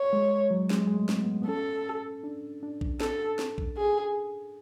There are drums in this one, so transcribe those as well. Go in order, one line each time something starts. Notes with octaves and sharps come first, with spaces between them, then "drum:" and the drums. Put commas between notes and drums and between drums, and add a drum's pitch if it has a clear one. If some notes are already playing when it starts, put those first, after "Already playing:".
Already playing: C#5
G#3
F#3
G#3, drum: snare
G#3
A3
drum: snare
B3
B3
C#4 A4
D4
D4
drum: kick A#1
A4, drum: snare
drum: snare
drum: kick A#1
G#4